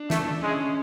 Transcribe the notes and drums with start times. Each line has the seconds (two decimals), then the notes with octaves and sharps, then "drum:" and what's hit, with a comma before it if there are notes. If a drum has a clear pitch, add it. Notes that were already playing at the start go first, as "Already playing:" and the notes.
Already playing: D4
0.10 A3, drum: snare
0.42 G#3 C#4